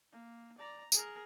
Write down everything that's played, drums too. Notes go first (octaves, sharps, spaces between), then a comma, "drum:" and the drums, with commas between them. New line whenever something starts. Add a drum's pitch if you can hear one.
A#3
D5 A#5
G#4 A#4, drum: tambourine